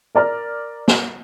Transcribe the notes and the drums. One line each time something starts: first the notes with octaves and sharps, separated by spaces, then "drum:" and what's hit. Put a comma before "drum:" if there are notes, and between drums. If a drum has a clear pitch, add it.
A#4 D5 A#5 F6
drum: snare